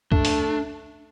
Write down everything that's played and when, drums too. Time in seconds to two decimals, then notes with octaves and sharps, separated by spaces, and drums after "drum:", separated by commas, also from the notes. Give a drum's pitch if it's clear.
0.12 A3 D4, drum: kick
0.25 drum: open hi-hat